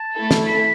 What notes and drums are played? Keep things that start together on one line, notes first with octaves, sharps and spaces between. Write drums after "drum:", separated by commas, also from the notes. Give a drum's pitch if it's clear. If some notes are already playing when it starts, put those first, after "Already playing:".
Already playing: A5
A3 E4 A4
drum: snare
B5